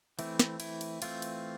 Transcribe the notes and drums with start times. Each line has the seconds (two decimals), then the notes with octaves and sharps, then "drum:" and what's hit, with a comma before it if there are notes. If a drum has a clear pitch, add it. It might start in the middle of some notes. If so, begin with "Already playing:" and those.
0.19 E3 A3 C4 E4, drum: cymbal
0.39 drum: snare
0.60 E4, drum: cymbal
0.81 drum: cymbal
1.02 E3 A3 C4 F4, drum: cymbal
1.22 drum: cymbal